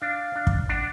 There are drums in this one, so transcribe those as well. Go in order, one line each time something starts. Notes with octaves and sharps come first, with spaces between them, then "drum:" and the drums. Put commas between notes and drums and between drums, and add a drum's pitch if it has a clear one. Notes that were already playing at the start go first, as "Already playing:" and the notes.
D4 F5
D4
drum: kick
D4 F#5